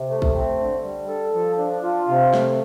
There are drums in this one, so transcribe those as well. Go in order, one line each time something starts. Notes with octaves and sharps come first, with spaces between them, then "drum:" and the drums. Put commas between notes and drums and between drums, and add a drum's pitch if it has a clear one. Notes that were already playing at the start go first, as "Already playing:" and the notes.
Already playing: C3
A3
drum: kick
C4
D3
G3
A4
F3
D4
F4
C3
A3, drum: snare